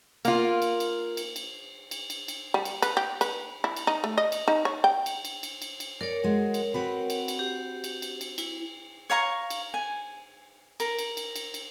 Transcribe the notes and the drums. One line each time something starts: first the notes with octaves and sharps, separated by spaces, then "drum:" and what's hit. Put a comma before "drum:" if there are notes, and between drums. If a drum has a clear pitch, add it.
A#3 F4, drum: cymbal
drum: cymbal
drum: cymbal
drum: cymbal
drum: cymbal
drum: cymbal
drum: cymbal
drum: cymbal
G3
drum: cymbal
B4, drum: cymbal
G4
B4, drum: cymbal
E4
drum: cymbal
D#4
A3
D#5
drum: cymbal
D#4
C#5
G5
drum: cymbal
drum: cymbal
drum: cymbal
drum: cymbal
drum: cymbal
A#4 C#5 D5
G#3 F#4
drum: cymbal
C4 F#4 B4
drum: cymbal
drum: cymbal
G4
drum: cymbal
drum: cymbal
drum: cymbal
E4, drum: cymbal
C#5 F5 A#5 C#6
drum: cymbal
G#5
A#4, drum: cymbal
drum: cymbal
drum: cymbal
drum: cymbal
drum: cymbal